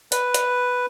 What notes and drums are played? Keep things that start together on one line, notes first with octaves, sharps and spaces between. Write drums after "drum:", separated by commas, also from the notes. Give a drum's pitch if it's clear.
B4, drum: hi-hat
drum: hi-hat